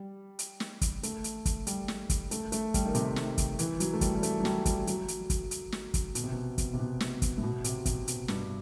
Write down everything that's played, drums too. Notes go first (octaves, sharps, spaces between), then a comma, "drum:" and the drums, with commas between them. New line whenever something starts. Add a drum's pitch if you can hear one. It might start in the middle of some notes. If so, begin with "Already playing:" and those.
Already playing: G3
drum: hi-hat
drum: snare
drum: kick, hi-hat
A3, drum: hi-hat
drum: hi-hat
drum: kick, hi-hat
G3, drum: hi-hat
drum: snare
drum: kick, hi-hat
A3, drum: hi-hat
A3, drum: hi-hat
G3, drum: kick, hi-hat
D#3
C3, drum: hi-hat
drum: snare
drum: kick, hi-hat
E3, drum: hi-hat
F#3, drum: hi-hat
A3
G3, drum: kick, hi-hat
G3
A3, drum: hi-hat
F#3
G3, drum: snare
G3, drum: kick, hi-hat
F#3, drum: hi-hat
drum: hi-hat
drum: kick, hi-hat
drum: hi-hat
drum: snare
drum: kick, hi-hat
B2, drum: hi-hat
C3
B2
drum: kick, hi-hat
C3
B2
drum: snare
drum: kick, hi-hat
A2
B2
C3, drum: hi-hat
C3, drum: kick, hi-hat
B2, drum: hi-hat
G2, drum: snare